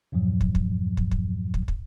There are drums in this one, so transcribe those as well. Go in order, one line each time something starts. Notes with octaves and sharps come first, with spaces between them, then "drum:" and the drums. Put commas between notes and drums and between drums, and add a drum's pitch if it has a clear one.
E2 G2 A#2 F3 F#3
drum: kick
drum: kick
drum: kick
drum: kick
drum: kick
drum: kick